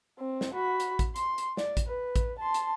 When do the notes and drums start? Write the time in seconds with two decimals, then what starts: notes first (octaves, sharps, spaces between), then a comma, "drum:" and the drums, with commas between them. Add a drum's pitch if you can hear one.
0.19 C4
0.41 drum: snare
0.54 F#4 B5
0.80 drum: hi-hat
0.99 drum: kick A1, hi-hat
1.16 C6, drum: hi-hat
1.38 drum: hi-hat
1.57 D5, drum: snare
1.77 drum: kick A1, hi-hat
1.87 B4
2.16 drum: kick A1, hi-hat
2.39 A5 C6
2.54 drum: hi-hat